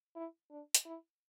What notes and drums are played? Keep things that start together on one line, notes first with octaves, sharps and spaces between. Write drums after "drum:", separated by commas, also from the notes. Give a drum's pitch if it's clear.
E4
D4
drum: hi-hat
E4